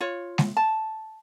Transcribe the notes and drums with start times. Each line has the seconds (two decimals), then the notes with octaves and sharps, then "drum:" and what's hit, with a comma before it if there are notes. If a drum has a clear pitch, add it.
0.01 F4 C#5
0.38 drum: snare G#3
0.57 A5